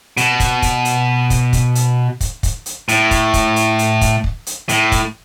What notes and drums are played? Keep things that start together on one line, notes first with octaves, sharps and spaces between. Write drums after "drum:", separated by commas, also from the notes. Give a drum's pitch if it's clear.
B2, drum: hi-hat
drum: kick, hi-hat
drum: kick, hi-hat
drum: hi-hat
drum: kick, hi-hat
drum: kick, hi-hat
drum: hi-hat
drum: kick, hi-hat
drum: kick, hi-hat
drum: hi-hat
A2, drum: hi-hat
drum: kick, hi-hat
drum: kick, hi-hat
drum: hi-hat
drum: hi-hat
drum: kick, hi-hat
drum: kick
drum: hi-hat
A2, drum: hi-hat
drum: kick, hi-hat